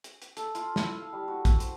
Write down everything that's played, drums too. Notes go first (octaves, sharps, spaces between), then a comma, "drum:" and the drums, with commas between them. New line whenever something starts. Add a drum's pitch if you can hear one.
drum: hi-hat
drum: hi-hat
A4, drum: hi-hat
F4, drum: hi-hat
E4, drum: snare
F5
G3
F#4
E6, drum: kick, hi-hat
C5, drum: hi-hat